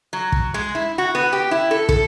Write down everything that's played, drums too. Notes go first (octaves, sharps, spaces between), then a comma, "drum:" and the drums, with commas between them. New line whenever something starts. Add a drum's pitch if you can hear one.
F#3
drum: kick
G#3
E4
F#4
B3
G4
E4
A4
A4, drum: kick